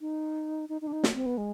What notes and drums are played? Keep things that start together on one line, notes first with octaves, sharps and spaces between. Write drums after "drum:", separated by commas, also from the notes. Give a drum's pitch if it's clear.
D#4
D#4
D#4
D4
D#4
drum: snare
C4
B3
G#3